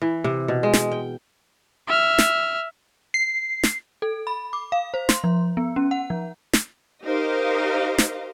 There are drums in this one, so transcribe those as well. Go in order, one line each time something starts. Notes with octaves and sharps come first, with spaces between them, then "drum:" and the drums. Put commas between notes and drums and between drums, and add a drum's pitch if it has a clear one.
E3
C3
B2
G#3
drum: snare
G5
E5 F6
drum: snare
C7
drum: snare
A4
B5
D6
F5
C5
C6, drum: snare
F3
B3
C#4
F#5
F3
drum: snare
D#4 G4 A#4 C5 D#5 F5
drum: snare